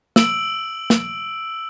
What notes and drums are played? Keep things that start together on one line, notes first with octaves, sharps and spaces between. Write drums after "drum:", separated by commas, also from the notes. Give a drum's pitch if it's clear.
E6 D7 F#7, drum: snare
drum: snare